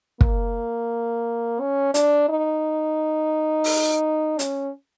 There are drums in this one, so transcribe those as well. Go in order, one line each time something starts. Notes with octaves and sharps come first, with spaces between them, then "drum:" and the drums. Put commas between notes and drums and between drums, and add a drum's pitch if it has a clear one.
A#3, drum: kick
C#4
D4, drum: hi-hat
D#4
drum: open hi-hat
C#4, drum: hi-hat